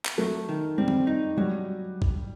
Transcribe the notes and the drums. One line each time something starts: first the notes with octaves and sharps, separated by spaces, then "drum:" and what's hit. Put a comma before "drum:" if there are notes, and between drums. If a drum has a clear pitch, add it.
drum: clap
F#3 A3
D#3
G3 C4
drum: tom D#3
D#4
F#3 G3
drum: kick A1